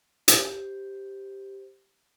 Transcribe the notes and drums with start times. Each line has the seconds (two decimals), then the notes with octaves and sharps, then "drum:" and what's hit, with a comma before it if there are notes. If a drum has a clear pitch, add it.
0.28 G4 C5, drum: hi-hat